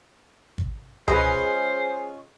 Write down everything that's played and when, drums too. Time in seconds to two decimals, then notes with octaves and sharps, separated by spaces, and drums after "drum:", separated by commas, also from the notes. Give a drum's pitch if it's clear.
0.58 drum: kick
1.08 G#3 C#4 F4 G#4 B4 C5 D#5, drum: tom C#2